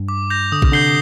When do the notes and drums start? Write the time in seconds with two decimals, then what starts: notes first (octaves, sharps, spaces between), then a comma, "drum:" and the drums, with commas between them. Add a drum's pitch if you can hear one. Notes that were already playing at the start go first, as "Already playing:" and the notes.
Already playing: G2
0.09 D6
0.30 G6 A#6 F7
0.52 D3 D#6
0.62 C3, drum: kick A#1
0.72 D3 G6 C7 G7